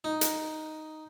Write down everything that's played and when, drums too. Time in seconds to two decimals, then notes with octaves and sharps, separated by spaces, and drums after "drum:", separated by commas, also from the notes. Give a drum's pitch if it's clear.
0.04 D#4
0.21 drum: hi-hat